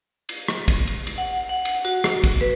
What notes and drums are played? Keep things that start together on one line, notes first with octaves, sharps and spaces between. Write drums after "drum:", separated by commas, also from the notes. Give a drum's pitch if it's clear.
drum: cymbal
drum: rim click
drum: kick, cymbal
drum: cymbal
drum: cymbal
F#5
F#5
drum: cymbal
F#4
drum: rim click
drum: kick, cymbal
B4